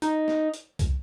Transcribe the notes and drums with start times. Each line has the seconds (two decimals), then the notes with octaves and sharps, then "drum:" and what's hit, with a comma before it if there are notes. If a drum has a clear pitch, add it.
0.02 D#4, drum: hi-hat
0.28 drum: snare
0.54 drum: hi-hat
0.79 drum: kick C2, hi-hat